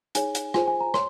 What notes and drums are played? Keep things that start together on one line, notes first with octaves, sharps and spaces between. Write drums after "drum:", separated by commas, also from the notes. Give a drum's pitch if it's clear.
D#4 G#4 C#5 G#5, drum: hi-hat
drum: hi-hat
F4 G#4 C5 G#5, drum: rim click
G#5
A#5
C#5 C6, drum: rim click